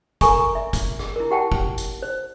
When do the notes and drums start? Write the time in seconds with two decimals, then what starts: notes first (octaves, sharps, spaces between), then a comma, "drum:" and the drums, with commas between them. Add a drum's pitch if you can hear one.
0.21 A4 A#4 G#5 A#5 C#6, drum: kick, hi-hat
0.55 E5
0.73 drum: kick, hi-hat
0.99 drum: rim click
1.16 E4 A#4
1.31 G4 F#5 G5 A5
1.52 drum: kick
1.78 drum: hi-hat
2.03 C5